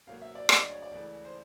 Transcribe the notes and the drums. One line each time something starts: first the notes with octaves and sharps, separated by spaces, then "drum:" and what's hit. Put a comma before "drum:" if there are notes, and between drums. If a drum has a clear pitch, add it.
C#2 B2 F#3 A#3 F5
E5
D5
D2 C#3 F#3 D#5, drum: rim click
D5
C#5
D5
C#2 C#3 E3 A3
C5